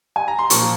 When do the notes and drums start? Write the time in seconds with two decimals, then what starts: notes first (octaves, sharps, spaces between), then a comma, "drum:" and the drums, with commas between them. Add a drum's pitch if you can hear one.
0.16 G#5
0.28 A#5
0.39 C6
0.50 A#2 F3 A#3 A#5 C#6, drum: hi-hat